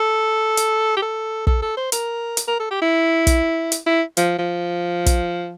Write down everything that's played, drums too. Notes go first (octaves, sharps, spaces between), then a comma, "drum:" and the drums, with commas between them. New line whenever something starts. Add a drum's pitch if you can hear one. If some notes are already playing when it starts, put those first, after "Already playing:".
Already playing: A4
drum: hi-hat
G4
A4
A4, drum: kick
A4
C5
A#4, drum: hi-hat
drum: hi-hat
A#4
A4
G4
E4
drum: kick, hi-hat
drum: hi-hat
E4
F3, drum: hi-hat
F3
drum: kick, hi-hat